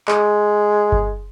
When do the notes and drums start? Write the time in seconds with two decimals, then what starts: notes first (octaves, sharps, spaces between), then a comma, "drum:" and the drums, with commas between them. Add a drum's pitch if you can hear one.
0.08 G#3, drum: clap
0.92 drum: kick G1